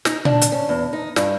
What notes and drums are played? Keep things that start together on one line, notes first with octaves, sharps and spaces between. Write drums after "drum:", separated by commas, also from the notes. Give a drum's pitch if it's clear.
D#4, drum: snare
D4, drum: tom A#2
drum: hi-hat
C#4
E2
D#4
G2, drum: snare